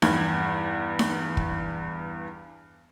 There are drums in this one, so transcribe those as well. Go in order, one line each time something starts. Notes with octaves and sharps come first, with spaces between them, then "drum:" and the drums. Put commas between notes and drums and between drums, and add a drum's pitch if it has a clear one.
E2 G2 G#6, drum: snare D#4
drum: snare D#4
drum: kick